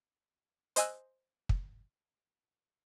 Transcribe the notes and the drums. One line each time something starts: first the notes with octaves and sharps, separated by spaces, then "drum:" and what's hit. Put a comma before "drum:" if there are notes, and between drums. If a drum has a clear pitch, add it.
C5 D#5 G#5 E6 F#6, drum: hi-hat
drum: kick